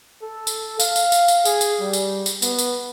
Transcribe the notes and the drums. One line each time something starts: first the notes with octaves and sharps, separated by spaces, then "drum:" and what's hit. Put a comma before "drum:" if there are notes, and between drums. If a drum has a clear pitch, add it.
A4
drum: tambourine
F5, drum: tambourine
drum: tambourine
drum: tambourine
drum: tambourine
G#4, drum: tambourine
drum: tambourine
G3
drum: tambourine
drum: tambourine
B3, drum: tambourine
drum: tambourine